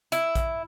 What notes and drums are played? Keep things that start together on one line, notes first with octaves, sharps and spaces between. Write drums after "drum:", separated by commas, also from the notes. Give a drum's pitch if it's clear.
E4, drum: hi-hat
drum: kick A#1, hi-hat